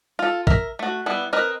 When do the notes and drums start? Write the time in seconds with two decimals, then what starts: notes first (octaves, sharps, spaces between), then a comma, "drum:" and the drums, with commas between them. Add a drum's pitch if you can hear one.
0.19 F4 A4
0.47 A#4 E5, drum: kick A1
0.79 A3 F#4
1.06 G3 B3 E4
1.33 C4 A#4 B4 D#5